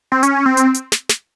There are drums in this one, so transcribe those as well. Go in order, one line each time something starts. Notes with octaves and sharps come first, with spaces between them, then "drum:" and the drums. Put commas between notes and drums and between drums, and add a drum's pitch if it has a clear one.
C4
C#4, drum: hi-hat
C4
drum: hi-hat
drum: hi-hat
drum: snare
drum: snare